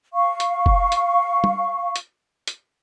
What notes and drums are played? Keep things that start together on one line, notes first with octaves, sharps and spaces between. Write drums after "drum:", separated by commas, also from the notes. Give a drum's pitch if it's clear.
F5 C#6
drum: hi-hat
drum: kick F1
drum: hi-hat
drum: tom
drum: hi-hat
drum: hi-hat